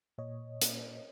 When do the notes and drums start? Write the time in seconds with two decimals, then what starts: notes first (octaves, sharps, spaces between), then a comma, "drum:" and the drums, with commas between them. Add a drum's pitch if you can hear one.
0.18 A#2 C#5 D#5
0.62 A#3, drum: hi-hat